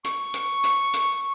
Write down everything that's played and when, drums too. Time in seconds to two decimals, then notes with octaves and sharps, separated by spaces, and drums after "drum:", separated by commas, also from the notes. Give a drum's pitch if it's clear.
0.04 C#6, drum: hi-hat
0.34 drum: hi-hat
0.64 drum: hi-hat
0.93 drum: hi-hat